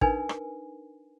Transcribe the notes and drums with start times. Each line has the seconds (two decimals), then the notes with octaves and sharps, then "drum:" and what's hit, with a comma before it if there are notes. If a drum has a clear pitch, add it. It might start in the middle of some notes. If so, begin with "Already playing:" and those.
0.01 D4 D#4 A#4 B4 G#5, drum: kick
0.29 drum: rim click